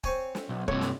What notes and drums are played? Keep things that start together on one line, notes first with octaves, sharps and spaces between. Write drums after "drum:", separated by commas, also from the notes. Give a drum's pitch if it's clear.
C4 C#5 G#5, drum: kick
drum: snare
B1
G2 C3 C#5, drum: kick
drum: snare